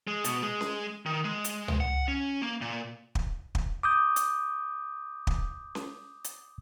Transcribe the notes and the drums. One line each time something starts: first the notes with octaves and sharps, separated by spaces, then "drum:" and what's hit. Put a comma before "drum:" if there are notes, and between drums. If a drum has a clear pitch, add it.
G#3
B2, drum: hi-hat
G#3
drum: snare C#4
D#3
G#3
drum: hi-hat
drum: tom C#2
F#5
C#4
A#3
A#2
drum: kick
drum: kick
D6 D#6 G6
drum: hi-hat
drum: kick
drum: snare C#4
drum: hi-hat